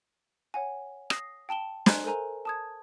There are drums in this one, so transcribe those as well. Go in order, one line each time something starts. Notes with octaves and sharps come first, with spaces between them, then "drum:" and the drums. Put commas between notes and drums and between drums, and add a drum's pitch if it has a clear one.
C#5 F#5 G#5
D#6 A#6 C7, drum: rim click
G5 A5 E7 G7
C5 D#5 G#5 A#5 C6 F#6, drum: snare
A4 A#4 C5 G#5 A#5
A5 D#6 G#6